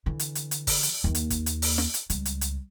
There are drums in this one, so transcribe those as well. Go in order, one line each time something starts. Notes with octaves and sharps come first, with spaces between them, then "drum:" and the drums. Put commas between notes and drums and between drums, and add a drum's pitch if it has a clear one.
D3 E3
drum: hi-hat
drum: hi-hat
drum: hi-hat
drum: kick, open hi-hat
drum: hi-hat
D#2 A#3
drum: hi-hat
drum: kick, hi-hat
drum: hi-hat
drum: open hi-hat
drum: snare
drum: hi-hat
C#2 G3, drum: hi-hat
drum: hi-hat
drum: hi-hat